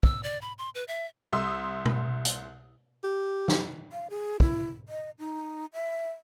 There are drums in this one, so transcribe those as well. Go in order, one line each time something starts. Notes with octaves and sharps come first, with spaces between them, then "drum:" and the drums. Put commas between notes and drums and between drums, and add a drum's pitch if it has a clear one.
E6, drum: kick
D5
B5
C6
B4
E5
C2 E5 C6 D#6 E6
drum: tom B2
drum: hi-hat
G4
drum: snare
F5
G#4
E4, drum: kick
D#5
D#4
E5